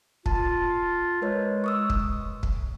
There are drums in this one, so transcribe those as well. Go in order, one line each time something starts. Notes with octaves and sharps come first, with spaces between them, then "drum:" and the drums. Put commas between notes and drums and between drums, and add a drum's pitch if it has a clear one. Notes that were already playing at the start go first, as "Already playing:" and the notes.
F4 A5, drum: kick
G#3 A#4 B4 C#5
C#6 D#6 E6
drum: kick
drum: kick